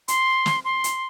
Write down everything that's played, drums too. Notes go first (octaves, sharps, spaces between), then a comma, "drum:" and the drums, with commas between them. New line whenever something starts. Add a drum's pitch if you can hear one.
C6, drum: hi-hat
drum: snare
C6
drum: hi-hat